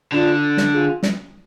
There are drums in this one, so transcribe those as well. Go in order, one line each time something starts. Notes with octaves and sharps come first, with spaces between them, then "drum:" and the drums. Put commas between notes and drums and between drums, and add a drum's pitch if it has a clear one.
D3 D4 F4
drum: snare
F4 G#4
drum: snare